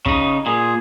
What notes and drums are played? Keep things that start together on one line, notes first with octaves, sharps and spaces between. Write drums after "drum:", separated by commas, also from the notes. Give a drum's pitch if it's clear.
C#3 D#4, drum: kick
A#2 G#4